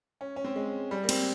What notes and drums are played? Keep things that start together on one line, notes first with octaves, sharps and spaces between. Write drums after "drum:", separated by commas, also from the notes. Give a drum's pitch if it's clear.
C#4
C#4
C4
G#3
G3
A#3
C4, drum: cymbal